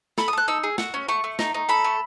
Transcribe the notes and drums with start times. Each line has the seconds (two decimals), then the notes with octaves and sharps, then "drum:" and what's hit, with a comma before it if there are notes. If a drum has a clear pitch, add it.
0.18 A4 B5, drum: snare
0.28 D#6
0.33 A4 F#6
0.48 D#4 E6
0.64 G#4
0.78 F#4, drum: snare
0.94 C#4
1.08 A3 C#6
1.24 A3
1.39 D#4, drum: snare
1.54 D#4
1.69 A4 B5
1.84 A3